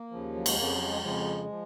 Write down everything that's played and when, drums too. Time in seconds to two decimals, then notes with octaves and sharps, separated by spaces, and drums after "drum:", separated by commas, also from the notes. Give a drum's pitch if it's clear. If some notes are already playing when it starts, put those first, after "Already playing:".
Already playing: A#3
0.11 D#2 C#3 F3
0.34 F#3
0.46 G#3, drum: cymbal
0.56 F2 C#3 F3 A#3
0.72 F#3
0.87 G#3
0.95 F#3
1.02 F2 C#3 F3 G#3
1.48 F3